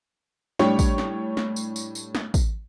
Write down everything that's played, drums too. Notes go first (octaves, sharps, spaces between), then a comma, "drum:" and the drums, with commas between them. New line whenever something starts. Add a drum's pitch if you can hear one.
A2 G3 D4 C#5 G5, drum: snare
drum: kick, tambourine
drum: snare
drum: snare
drum: tambourine
drum: tambourine
drum: tambourine
drum: snare
drum: kick, tambourine